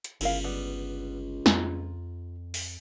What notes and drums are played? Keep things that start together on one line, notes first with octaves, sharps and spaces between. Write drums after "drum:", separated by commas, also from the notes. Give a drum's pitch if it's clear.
drum: hi-hat
G1 C#2 E4 A#4 F5, drum: cymbal
G3 B3
F2 F4 G#5 A#5, drum: snare
drum: open hi-hat